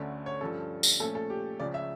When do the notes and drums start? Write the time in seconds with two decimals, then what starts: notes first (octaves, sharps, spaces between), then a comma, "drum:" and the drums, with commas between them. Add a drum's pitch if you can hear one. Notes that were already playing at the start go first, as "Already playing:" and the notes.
Already playing: D2 D3 A3 C#4
0.26 C#5
0.41 G2 F3 C#4 A4
0.83 drum: tambourine
1.00 A#2 F3 A3 C#4 A4
1.15 A4
1.30 G4
1.60 C#2 C#3 F3 C#4 D5
1.74 E5